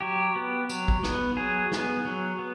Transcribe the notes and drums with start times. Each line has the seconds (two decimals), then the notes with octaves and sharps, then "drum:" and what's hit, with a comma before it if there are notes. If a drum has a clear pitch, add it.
0.01 F#3 G4
0.36 B3
0.69 F#3, drum: tambourine
0.88 drum: kick
1.03 B3, drum: snare
1.37 F#3 G#4
1.72 B3, drum: snare
2.05 F#3
2.39 B3